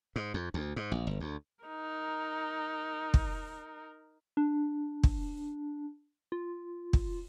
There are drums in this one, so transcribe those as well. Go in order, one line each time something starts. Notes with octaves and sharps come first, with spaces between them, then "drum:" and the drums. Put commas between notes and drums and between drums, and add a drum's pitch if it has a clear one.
G#2
F2
D2
G#2
A#1
G1
D2
D#4 A#4
drum: kick
D4
drum: kick
F4
drum: kick